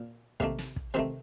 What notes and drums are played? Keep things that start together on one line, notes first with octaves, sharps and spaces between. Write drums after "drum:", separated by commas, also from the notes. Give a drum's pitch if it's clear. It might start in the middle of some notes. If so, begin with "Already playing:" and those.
Already playing: A#2
C3 D#3 A3 A#3, drum: kick
drum: snare
drum: kick
C3 D#3 A3 C4